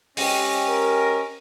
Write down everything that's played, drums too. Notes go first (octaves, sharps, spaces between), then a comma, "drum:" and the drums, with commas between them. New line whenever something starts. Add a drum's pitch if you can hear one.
G#3 C4 C#4 G4 D#5, drum: open hi-hat
A#4